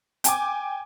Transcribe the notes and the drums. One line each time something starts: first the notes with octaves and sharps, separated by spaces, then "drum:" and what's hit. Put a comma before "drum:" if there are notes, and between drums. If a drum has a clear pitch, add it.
G5 G#5 D6, drum: hi-hat